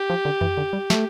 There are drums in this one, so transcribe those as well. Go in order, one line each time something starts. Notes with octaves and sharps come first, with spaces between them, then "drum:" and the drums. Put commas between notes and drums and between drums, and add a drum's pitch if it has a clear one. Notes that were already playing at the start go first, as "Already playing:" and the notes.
Already playing: G4
F3
D3
E3, drum: tom F2
D3
G3
A3, drum: snare